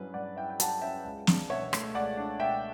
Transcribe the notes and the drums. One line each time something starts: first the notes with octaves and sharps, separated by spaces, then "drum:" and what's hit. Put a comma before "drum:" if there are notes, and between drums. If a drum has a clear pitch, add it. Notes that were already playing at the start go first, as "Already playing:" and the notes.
Already playing: G2 F#3 C#4 E4 B4
G2 D5 F#5
E4 E5 G5
G5
F#3 F#5 A5, drum: hi-hat
C#4 E5 G5
C#2
D4, drum: snare
B2 C#5 E5
A3, drum: rim click
C#2 D5 F#5
D4
B2 E5 G5